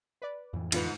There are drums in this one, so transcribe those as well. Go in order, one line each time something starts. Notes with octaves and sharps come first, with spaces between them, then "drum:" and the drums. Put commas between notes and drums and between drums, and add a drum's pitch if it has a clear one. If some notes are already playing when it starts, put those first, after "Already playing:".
B4 D5
F2 A2 E3
E2 G#2 D3 F4 B4, drum: cymbal